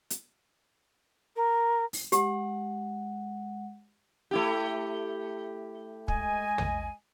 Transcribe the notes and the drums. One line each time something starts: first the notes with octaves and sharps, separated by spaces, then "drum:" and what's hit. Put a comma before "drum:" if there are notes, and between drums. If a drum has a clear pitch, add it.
drum: hi-hat
A#4
drum: open hi-hat
G#3 G4 F#5, drum: hi-hat
A3 E4 G4
G#3 D#5 G#5, drum: kick
drum: tom